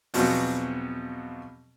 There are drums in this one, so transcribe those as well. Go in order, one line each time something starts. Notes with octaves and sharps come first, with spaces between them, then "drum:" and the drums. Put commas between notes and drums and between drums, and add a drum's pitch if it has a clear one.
E2 B2 F3 F#3 B3 C4, drum: open hi-hat